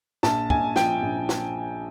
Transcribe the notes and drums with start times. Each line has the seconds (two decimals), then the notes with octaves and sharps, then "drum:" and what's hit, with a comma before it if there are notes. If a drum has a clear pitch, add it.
0.23 A#1 A5, drum: snare
0.50 A#1 G#5, drum: kick
0.76 F3 G5, drum: snare
1.02 A#1
1.29 drum: snare